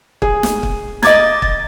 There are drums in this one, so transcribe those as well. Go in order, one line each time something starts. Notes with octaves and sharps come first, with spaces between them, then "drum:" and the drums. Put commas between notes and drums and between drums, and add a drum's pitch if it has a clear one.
G#4, drum: kick
drum: snare
drum: kick
D#5 D6 G#6 A6, drum: snare
drum: kick